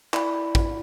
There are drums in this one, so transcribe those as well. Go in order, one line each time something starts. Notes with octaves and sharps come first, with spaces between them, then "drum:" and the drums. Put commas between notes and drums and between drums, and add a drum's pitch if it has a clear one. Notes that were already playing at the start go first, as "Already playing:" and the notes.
E4 D5 B5, drum: clap
drum: kick